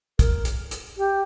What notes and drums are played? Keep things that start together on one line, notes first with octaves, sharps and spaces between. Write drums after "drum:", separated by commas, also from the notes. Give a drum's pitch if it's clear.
A#4, drum: kick, hi-hat
drum: hi-hat
drum: hi-hat
G4